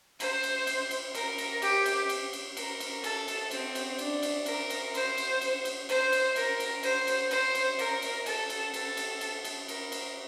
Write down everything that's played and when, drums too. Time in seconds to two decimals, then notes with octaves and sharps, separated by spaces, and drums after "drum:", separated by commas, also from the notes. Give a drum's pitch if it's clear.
0.20 C5, drum: cymbal
0.43 drum: cymbal
0.67 drum: cymbal
0.91 drum: cymbal
1.15 A#4, drum: cymbal
1.38 drum: cymbal
1.62 G4, drum: cymbal
1.85 drum: cymbal
2.09 drum: cymbal
2.33 drum: cymbal
2.57 A#4, drum: cymbal
2.80 drum: cymbal
3.04 A4, drum: cymbal
3.28 drum: cymbal
3.51 C4, drum: cymbal
3.75 drum: cymbal
3.98 D4, drum: cymbal
4.23 drum: cymbal
4.46 A#4, drum: cymbal
4.70 drum: cymbal
4.94 C5, drum: cymbal
5.18 drum: cymbal
5.41 drum: cymbal
5.65 drum: cymbal
5.89 C5, drum: cymbal
6.12 drum: cymbal
6.36 A#4, drum: cymbal
6.60 drum: cymbal
6.83 C5, drum: cymbal
7.07 drum: cymbal
7.31 C5, drum: cymbal
7.55 drum: cymbal
7.79 A#4, drum: cymbal
8.02 drum: cymbal
8.26 A4, drum: cymbal
8.50 drum: cymbal
8.74 A4, drum: cymbal
8.97 drum: cymbal
9.21 drum: cymbal
9.44 drum: cymbal
9.68 A#4, drum: cymbal
9.92 drum: cymbal